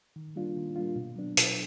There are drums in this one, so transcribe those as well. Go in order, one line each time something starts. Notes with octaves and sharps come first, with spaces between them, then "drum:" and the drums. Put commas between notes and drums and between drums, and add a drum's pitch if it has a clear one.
D#3
G3 A#3 D4 F4
D#3
G3 A#3 D4 F4
B2
F#3 B3 D4
B2, drum: hi-hat